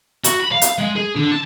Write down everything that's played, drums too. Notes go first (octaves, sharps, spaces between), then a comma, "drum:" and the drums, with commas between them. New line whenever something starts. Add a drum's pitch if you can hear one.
F#4, drum: hi-hat
B5
F5
drum: hi-hat
G#3
G#4
D3
A5